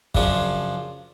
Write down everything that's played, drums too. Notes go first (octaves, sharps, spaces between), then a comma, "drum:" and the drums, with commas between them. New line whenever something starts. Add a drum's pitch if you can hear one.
F#2 C#3 F3 D4, drum: kick